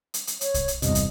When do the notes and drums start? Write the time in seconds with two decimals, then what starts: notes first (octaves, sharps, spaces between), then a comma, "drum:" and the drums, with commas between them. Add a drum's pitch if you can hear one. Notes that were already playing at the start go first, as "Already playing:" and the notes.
0.14 drum: hi-hat
0.27 drum: hi-hat
0.41 C#5, drum: hi-hat
0.54 drum: kick, hi-hat
0.68 drum: hi-hat
0.82 E2 G2 C3 D#5, drum: hi-hat
0.95 drum: kick, hi-hat